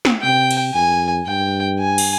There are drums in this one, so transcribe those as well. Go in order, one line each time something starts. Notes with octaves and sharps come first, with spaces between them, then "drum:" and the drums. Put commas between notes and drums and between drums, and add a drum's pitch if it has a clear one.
drum: snare
C3 G5
drum: cymbal
F2 G#5
G2 G5
G#5
drum: cymbal